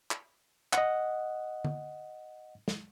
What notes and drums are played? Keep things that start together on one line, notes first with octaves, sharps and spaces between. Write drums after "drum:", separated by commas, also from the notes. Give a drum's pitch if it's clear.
drum: clap
D#5 F#5, drum: clap
drum: tom
drum: snare